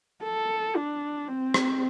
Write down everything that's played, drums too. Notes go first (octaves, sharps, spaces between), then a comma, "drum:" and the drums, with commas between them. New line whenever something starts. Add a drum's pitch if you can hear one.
A4
D4
C4
drum: rim click